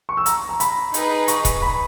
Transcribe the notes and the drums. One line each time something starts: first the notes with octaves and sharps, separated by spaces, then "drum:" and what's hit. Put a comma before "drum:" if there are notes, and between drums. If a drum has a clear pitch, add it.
C#6
E6
A#5, drum: hi-hat
A#5
B5, drum: hi-hat
D#4 G#4 B4, drum: hi-hat
C#6, drum: hi-hat
drum: kick C#1, hi-hat
B5